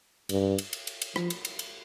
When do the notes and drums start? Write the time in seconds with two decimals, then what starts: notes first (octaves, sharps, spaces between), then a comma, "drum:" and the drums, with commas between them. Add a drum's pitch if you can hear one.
0.29 G2, drum: cymbal
0.58 drum: cymbal
0.73 drum: cymbal
0.87 drum: cymbal
1.02 drum: cymbal
1.16 F3, drum: rim click
1.30 drum: cymbal
1.45 drum: cymbal
1.59 drum: cymbal